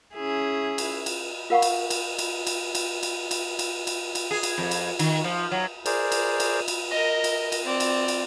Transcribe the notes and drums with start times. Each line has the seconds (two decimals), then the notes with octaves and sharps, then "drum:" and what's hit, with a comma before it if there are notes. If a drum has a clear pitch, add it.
0.15 C#4 E4 G#4
0.78 drum: cymbal
1.06 drum: cymbal
1.50 F4 A#4 F5 F#5 B5 C#6
1.62 drum: cymbal
1.90 drum: cymbal
2.19 drum: cymbal
2.47 drum: cymbal
2.75 drum: cymbal
3.03 drum: cymbal
3.31 drum: cymbal
3.59 drum: cymbal
3.87 drum: cymbal
4.15 drum: cymbal
4.31 G#4
4.43 drum: cymbal
4.58 F2
4.71 drum: cymbal
4.99 D#3, drum: cymbal
5.24 F3
5.51 F#3
5.86 G#4 A#4 C5 D5, drum: cymbal
6.12 drum: cymbal
6.40 drum: cymbal
6.68 drum: cymbal
6.91 A#4 D#5
7.24 drum: cymbal
7.52 drum: cymbal
7.63 C4 D5
7.80 drum: cymbal
8.08 drum: cymbal